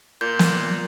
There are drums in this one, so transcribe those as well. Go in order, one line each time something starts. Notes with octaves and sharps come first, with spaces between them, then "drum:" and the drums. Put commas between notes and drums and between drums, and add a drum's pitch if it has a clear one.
A#2 G6
drum: snare